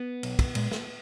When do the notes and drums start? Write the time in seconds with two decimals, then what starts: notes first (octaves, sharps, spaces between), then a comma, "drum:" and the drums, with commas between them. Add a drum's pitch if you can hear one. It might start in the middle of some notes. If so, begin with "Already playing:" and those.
Already playing: B3
0.23 B1, drum: cymbal
0.39 drum: kick, cymbal
0.55 A#2 G#3, drum: cymbal
0.72 drum: snare